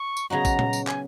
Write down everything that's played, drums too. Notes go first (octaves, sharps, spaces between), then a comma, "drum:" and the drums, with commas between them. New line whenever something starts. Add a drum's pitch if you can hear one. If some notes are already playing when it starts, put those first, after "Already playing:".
Already playing: C#6
drum: tambourine
C#3 F#3 B3 D#4 F#4 A#5
drum: kick, tambourine
drum: tom A#2
drum: tambourine
G#5, drum: clap